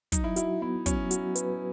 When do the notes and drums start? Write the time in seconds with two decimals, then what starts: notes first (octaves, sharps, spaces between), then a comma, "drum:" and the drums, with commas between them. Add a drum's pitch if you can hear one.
0.12 F#3 D#4, drum: kick, hi-hat
0.24 E4
0.36 E4 F#4, drum: hi-hat
0.62 B3 E4
0.86 F#3 C#4, drum: kick, hi-hat
1.11 F#4, drum: hi-hat
1.35 B4, drum: hi-hat